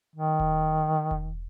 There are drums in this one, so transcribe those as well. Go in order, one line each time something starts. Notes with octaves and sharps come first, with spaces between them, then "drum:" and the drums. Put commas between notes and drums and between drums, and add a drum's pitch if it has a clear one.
D#3
drum: kick E1
drum: kick E1